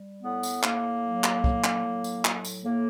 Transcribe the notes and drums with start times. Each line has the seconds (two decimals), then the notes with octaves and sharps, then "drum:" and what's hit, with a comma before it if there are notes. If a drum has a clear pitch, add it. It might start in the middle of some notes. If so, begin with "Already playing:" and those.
Already playing: G3
0.23 A2 B3
0.43 drum: tambourine
0.63 A2 A#3, drum: clap
1.04 F#3
1.24 drum: clap
1.44 A2, drum: kick
1.64 drum: clap
1.84 F#3
2.04 drum: tambourine
2.25 A2, drum: clap
2.45 drum: tambourine
2.65 A2 A#3